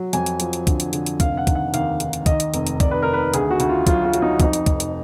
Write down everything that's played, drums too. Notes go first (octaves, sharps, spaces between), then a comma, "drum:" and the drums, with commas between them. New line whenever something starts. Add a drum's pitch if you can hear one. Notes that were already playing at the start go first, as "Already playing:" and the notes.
Already playing: F#3
F2 G#5, drum: hi-hat
drum: hi-hat
F3, drum: hi-hat
drum: hi-hat
D3, drum: kick, hi-hat
drum: hi-hat
D3, drum: hi-hat
drum: hi-hat
F1 F5, drum: kick, hi-hat
F#5
D#3, drum: kick, hi-hat
F#5
D#2 F5, drum: hi-hat
D#3, drum: hi-hat
drum: hi-hat
D#3 D#5, drum: kick, hi-hat
drum: hi-hat
F1, drum: hi-hat
drum: hi-hat
D#3 D5, drum: kick, hi-hat
B4
D#3 A#4
B4
D2 G#4, drum: hi-hat
F#4
D2, drum: hi-hat
F4
F#3 F4, drum: kick, hi-hat
F4
F#3, drum: hi-hat
D#4
F2 D#4, drum: kick, hi-hat
drum: hi-hat
F1, drum: kick, hi-hat
drum: hi-hat